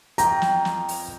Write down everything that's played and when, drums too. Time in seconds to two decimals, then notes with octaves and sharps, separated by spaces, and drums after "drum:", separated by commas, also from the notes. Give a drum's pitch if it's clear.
0.18 F2 G5 A#5, drum: hi-hat
0.42 drum: snare
0.65 drum: snare
0.88 drum: open hi-hat